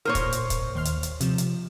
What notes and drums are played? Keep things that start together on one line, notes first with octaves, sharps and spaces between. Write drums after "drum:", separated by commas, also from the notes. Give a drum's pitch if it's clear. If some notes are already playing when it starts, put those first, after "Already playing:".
A#2 A#4 C5 C#5 D#6
drum: kick, hi-hat
drum: hi-hat
drum: kick, hi-hat
D#2 C6 F6
drum: hi-hat
drum: hi-hat
C3 F3 E7, drum: hi-hat
drum: hi-hat